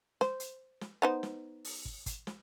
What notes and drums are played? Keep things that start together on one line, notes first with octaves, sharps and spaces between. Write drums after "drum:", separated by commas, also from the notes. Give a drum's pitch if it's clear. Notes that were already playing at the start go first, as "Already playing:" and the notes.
C5, drum: snare
drum: hi-hat
drum: snare
B3 D#4 C5
drum: snare
drum: open hi-hat
drum: kick
drum: kick, hi-hat
drum: snare